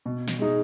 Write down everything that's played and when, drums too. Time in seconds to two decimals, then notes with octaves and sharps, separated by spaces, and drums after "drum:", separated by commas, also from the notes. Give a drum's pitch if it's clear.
0.06 B2
0.28 drum: snare
0.39 G#3 D#4 G#4